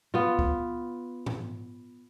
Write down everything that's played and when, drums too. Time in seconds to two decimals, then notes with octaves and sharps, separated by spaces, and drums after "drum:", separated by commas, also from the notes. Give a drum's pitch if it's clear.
0.14 B3 F4
0.39 drum: kick
1.26 drum: tom G#2